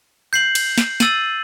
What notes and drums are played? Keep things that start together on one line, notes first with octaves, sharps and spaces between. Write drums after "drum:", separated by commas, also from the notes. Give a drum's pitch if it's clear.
G6 C7 F#7
drum: cymbal
drum: snare
E6 A6 D#7 F#7, drum: snare